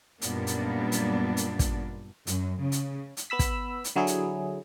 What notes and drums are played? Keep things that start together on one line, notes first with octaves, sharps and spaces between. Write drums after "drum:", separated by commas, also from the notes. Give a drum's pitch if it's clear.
F#2 A#2 G3 A#3 B3 D4, drum: hi-hat
drum: hi-hat
drum: hi-hat
drum: hi-hat
drum: kick, hi-hat
F#2, drum: hi-hat
C#3
drum: hi-hat
drum: hi-hat
B3 B5 E6 B6
drum: kick, hi-hat
drum: hi-hat
D3 F#3 E4 G#4
drum: hi-hat